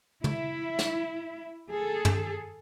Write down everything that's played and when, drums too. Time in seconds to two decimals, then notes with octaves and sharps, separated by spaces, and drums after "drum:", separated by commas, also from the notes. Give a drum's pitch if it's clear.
0.24 E4, drum: tom
0.79 drum: snare
1.69 G#4 A4
2.05 drum: tom